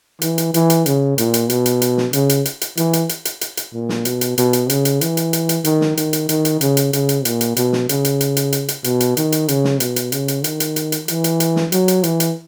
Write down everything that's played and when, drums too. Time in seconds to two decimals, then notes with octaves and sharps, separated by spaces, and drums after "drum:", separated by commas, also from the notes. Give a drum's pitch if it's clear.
0.22 E3, drum: hi-hat
0.38 drum: hi-hat
0.54 E3, drum: hi-hat
0.70 drum: hi-hat
0.86 C#3, drum: hi-hat
1.18 A#2, drum: hi-hat
1.34 drum: hi-hat
1.50 B2, drum: hi-hat
1.66 drum: hi-hat
1.82 drum: hi-hat
1.98 drum: snare
2.13 C#3, drum: hi-hat
2.29 drum: hi-hat
2.45 drum: hi-hat
2.61 drum: hi-hat
2.77 E3, drum: hi-hat
2.93 drum: hi-hat
3.09 drum: hi-hat
3.25 drum: hi-hat
3.41 drum: hi-hat
3.57 drum: hi-hat
3.73 A#2
3.89 drum: snare
4.05 B2, drum: hi-hat
4.21 drum: hi-hat
4.38 B2, drum: hi-hat
4.53 drum: hi-hat
4.70 C#3, drum: hi-hat
4.85 drum: hi-hat
5.01 E3, drum: hi-hat
5.17 drum: hi-hat
5.33 drum: hi-hat
5.49 drum: hi-hat
5.64 D#3, drum: hi-hat
5.81 drum: snare
5.97 D#3, drum: hi-hat
6.13 drum: hi-hat
6.29 D#3, drum: hi-hat
6.45 drum: hi-hat
6.61 C#3, drum: hi-hat
6.77 drum: hi-hat
6.93 C#3, drum: hi-hat
7.09 drum: hi-hat
7.25 A#2, drum: hi-hat
7.41 drum: hi-hat
7.57 B2, drum: hi-hat
7.73 drum: snare
7.89 C#3, drum: hi-hat
8.05 drum: hi-hat
8.21 drum: hi-hat
8.37 drum: hi-hat
8.53 drum: hi-hat
8.68 drum: hi-hat
8.84 B2, drum: hi-hat
9.00 drum: hi-hat
9.17 D#3, drum: hi-hat
9.32 drum: hi-hat
9.48 C#3, drum: hi-hat
9.64 drum: snare
9.80 B2, drum: hi-hat
9.96 drum: hi-hat
10.12 C#3, drum: hi-hat
10.28 drum: hi-hat
10.44 D#3, drum: hi-hat
10.60 drum: hi-hat
10.76 drum: hi-hat
10.92 drum: hi-hat
11.08 E3, drum: hi-hat
11.24 drum: hi-hat
11.40 drum: hi-hat
11.56 drum: snare
11.72 F#3, drum: hi-hat
11.88 drum: hi-hat
12.04 E3, drum: hi-hat
12.20 drum: hi-hat